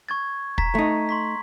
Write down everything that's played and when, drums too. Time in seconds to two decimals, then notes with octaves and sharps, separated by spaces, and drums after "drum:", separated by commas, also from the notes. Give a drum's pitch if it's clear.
0.09 C#6 G#6 A6
0.58 A#5 A6 B6, drum: kick
0.75 A3 D#4
1.09 C6 C#6 B6